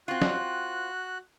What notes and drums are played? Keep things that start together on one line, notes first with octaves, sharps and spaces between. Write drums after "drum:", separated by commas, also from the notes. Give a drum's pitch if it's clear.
C4 F4 F#4 F#6
drum: snare